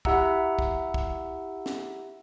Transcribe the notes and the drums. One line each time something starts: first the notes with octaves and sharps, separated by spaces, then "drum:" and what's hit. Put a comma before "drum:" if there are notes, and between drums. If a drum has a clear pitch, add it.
E4 G4 E5 F#5 A#5 E6, drum: kick
drum: kick
drum: kick
drum: snare